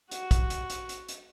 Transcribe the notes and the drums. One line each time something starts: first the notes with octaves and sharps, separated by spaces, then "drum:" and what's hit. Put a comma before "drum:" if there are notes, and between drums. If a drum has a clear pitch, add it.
F#4, drum: hi-hat
drum: kick, hi-hat
drum: hi-hat
drum: hi-hat
drum: hi-hat
drum: hi-hat